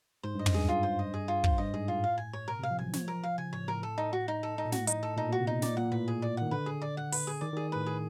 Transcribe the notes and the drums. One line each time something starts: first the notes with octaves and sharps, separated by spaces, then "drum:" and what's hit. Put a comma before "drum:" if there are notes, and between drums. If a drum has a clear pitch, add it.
G#2 C5
G2 D#5
F#2, drum: tom
G2 G#4
F4
C5
D#5
G#4
F4
C5, drum: kick
G2 D#5
G#2 G#4
A2 F4
F5
G#5
C#5
B2 A#4
C3 F5
F3
F#3 G#5
E3
F3 C#5, drum: snare
F3 A#4
F5
C#3 G#5
A2 C#5
A2 A#4
A4
D#4
F#4
D#4
A4
D#4
A#2
A2 F#4, drum: snare
D#4, drum: hi-hat
A4
A#2 D#4
A#2 F#4
C3
B2 D#4
A#2 D5, drum: snare
A#2 F#5
A2 B4
G#4
D5
D#3 F#5
D3 B4
G#4
D5
F#5
B4, drum: open hi-hat
G#4
D#3 D5
D#3 G#4
A2 B4
G#4